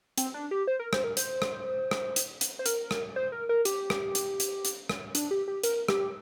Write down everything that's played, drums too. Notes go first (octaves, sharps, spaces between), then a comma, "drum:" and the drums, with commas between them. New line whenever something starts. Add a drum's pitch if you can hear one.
C4, drum: hi-hat
D4
G4
C5
A#4
C5, drum: rim click
A#4
C5, drum: hi-hat
drum: rim click
drum: rim click
drum: hi-hat
drum: hi-hat
C5
A#4, drum: hi-hat
drum: rim click
C5
A#4
A#4
G4, drum: hi-hat
drum: rim click
drum: hi-hat
drum: hi-hat
drum: hi-hat
drum: rim click
D4, drum: hi-hat
G4
G4
A#4, drum: hi-hat
G4, drum: rim click